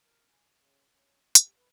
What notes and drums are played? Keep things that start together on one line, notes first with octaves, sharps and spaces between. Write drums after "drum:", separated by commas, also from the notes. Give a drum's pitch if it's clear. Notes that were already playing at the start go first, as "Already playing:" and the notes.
A#4
G#5
C#3
C#4
G4, drum: hi-hat
B4